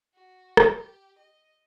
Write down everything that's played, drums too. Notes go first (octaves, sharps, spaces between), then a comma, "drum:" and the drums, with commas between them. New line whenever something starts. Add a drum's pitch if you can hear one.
F#4
drum: rim click
G4
D#5